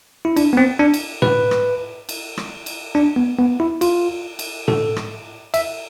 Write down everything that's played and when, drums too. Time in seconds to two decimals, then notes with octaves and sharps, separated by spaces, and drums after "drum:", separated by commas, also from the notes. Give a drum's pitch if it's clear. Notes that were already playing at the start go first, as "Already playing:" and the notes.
0.25 E4
0.37 D4, drum: cymbal
0.53 B3
0.57 C4
0.79 D4
0.94 drum: cymbal
1.22 B4, drum: tom A2
1.51 drum: rim click
2.09 drum: cymbal
2.37 drum: rim click
2.66 drum: cymbal
2.95 D4
3.16 B3
3.39 B3
3.60 E4
3.81 F4, drum: cymbal
4.39 drum: cymbal
4.68 A4, drum: tom A2
4.96 drum: rim click
5.54 E5, drum: cymbal